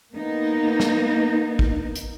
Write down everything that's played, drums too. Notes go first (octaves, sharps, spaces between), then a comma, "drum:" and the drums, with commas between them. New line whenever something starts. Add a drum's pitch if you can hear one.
A#3 B3 D#4
drum: snare
drum: kick
drum: hi-hat